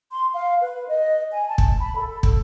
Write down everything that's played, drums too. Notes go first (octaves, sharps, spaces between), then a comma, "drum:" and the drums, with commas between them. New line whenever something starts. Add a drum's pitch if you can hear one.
C6
F5
B4
D#5
G#5
A5
drum: kick
B5
A4
drum: kick